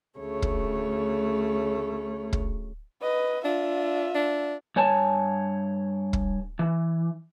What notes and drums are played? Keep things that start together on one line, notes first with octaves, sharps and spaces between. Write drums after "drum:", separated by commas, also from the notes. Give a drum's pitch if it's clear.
D2 C#3 A3 C#5
drum: kick
drum: kick
B4 D#5
D4 F4 E5
D4
G2 C#5 G#5 A5
drum: kick
E3